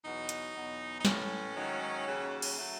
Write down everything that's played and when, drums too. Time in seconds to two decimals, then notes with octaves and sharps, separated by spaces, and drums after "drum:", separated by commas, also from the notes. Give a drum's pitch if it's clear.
0.04 E2 B2 F#3 D#4
0.29 drum: hi-hat
0.54 E2 B2 F#3
0.99 D#4
1.05 A2 E3 C#4, drum: snare
1.56 G#2 D#3 F#3
2.06 D#2 C#3 F#3
2.42 drum: cymbal
2.57 F#3 A3